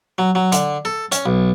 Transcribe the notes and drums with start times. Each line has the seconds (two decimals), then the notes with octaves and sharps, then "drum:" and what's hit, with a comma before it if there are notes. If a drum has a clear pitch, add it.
0.18 F#3
0.35 F#3
0.52 D3, drum: hi-hat
0.85 A4
1.12 C#4, drum: hi-hat
1.26 B1